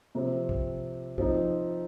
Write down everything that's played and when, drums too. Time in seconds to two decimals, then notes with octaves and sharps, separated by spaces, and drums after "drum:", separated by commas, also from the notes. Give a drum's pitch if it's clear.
0.15 C3 F3 C4
0.49 drum: kick
1.18 F3 C4 D#4, drum: kick